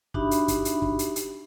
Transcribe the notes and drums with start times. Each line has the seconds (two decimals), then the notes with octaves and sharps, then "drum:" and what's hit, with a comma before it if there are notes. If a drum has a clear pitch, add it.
0.14 D4 D#4 F#4 G4 E5 B5, drum: kick
0.31 drum: hi-hat
0.48 drum: kick, hi-hat
0.65 drum: hi-hat
0.82 drum: kick
0.99 drum: hi-hat
1.16 drum: hi-hat